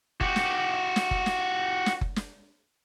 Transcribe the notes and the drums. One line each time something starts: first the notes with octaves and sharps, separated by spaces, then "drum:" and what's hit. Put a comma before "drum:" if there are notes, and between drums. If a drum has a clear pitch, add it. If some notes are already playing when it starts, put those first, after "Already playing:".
F#4 G4, drum: kick F#1
drum: snare
drum: snare
drum: kick F#1
drum: snare
drum: snare
drum: kick F#1
drum: snare